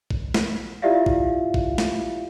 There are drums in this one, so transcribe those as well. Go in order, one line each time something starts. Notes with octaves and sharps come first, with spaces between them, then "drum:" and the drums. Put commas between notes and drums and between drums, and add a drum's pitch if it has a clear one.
drum: kick A1
drum: snare
E4 F4 G4 D5 E5 F5
drum: kick A1
drum: kick A1
drum: snare